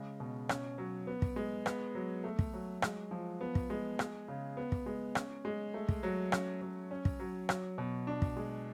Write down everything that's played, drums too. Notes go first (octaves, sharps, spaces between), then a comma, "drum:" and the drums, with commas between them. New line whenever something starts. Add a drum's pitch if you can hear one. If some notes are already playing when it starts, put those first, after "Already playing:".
Already playing: C#3 G#3
B2
C#4, drum: rim click
F#3
B3
drum: kick
G#3
B3, drum: rim click
F#3
A3
drum: kick
F#3
G#3, drum: rim click
F3
B3
drum: kick
G#3
G#3, drum: rim click
C#3
B3
drum: kick
G#3
C#4, drum: rim click
G#3
A3
drum: kick
F#3
C#4, drum: rim click
F#3
C#4
drum: kick
F#3
F#3, drum: rim click
B2
D4
drum: kick
G#3